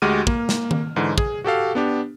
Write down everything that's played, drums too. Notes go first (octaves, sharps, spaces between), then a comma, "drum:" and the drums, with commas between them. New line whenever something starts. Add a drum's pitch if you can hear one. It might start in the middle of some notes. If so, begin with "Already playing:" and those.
D2 G#3 F#4 G4 F6 D#7
A#3, drum: kick
drum: snare
drum: tom D#3
G#2 D3 E3
G#4, drum: kick
F#4 G4 A4 F5
B3 D4 G4